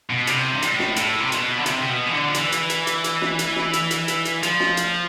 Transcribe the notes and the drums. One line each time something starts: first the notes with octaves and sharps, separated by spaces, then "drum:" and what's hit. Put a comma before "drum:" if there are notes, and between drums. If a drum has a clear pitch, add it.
B2
C3, drum: hi-hat
G2
A2, drum: hi-hat
drum: snare
A2, drum: hi-hat
C3
B2, drum: hi-hat
D3
C3, drum: hi-hat
C3
B2
E3
D3
F3
E3, drum: hi-hat
drum: hi-hat
drum: hi-hat
drum: hi-hat
drum: hi-hat
drum: snare
drum: hi-hat
drum: snare
drum: hi-hat
drum: hi-hat
drum: hi-hat
drum: hi-hat
F3, drum: hi-hat
drum: snare
drum: hi-hat